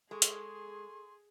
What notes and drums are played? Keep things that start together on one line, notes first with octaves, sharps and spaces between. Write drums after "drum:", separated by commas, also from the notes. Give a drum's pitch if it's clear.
G#3 G#4 A4 C6 C#6
drum: hi-hat